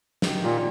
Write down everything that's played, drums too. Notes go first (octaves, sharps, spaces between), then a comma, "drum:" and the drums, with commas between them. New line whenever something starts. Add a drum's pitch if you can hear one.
D#3 G#3 D#4 G4, drum: snare
A#2